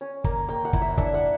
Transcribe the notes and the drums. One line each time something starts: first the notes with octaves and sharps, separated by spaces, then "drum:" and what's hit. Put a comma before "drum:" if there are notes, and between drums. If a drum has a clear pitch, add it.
C#4
A#3, drum: kick
A#3 G5
F#5
E4, drum: kick
E5
D4 E5, drum: kick
F#5